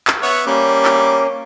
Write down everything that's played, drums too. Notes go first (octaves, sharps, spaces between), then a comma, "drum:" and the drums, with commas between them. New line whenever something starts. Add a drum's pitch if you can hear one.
drum: clap
B3 C#5 E5 F#5
G3 A#3 C#4 D6
drum: clap